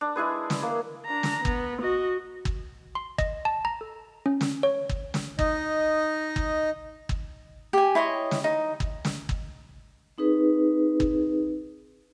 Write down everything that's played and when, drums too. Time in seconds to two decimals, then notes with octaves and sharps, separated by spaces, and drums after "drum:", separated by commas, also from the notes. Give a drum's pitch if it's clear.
0.01 D4
0.16 G#3 E4 G#4 B4
0.50 drum: snare
0.62 A#3
1.06 D4 A#5
1.23 drum: snare
1.45 B3, drum: kick G1
1.82 F#4 D#5
2.45 drum: kick G1
2.95 C6
3.18 D#5, drum: kick G1
3.45 A5
3.65 A#5
3.81 A4
4.26 C#4
4.41 drum: snare
4.63 C#5
4.89 drum: kick G1
5.14 drum: snare
5.39 D#4 D#5, drum: kick G1
6.36 drum: kick G1
7.09 drum: kick G1
7.73 G4 G#5
7.95 E4 C#5 D#5 C6
8.31 drum: snare
8.44 D#4
8.80 drum: kick G1
9.05 drum: snare
9.29 drum: kick G1
10.18 C4 D#4 G#4 B4
11.00 drum: kick G1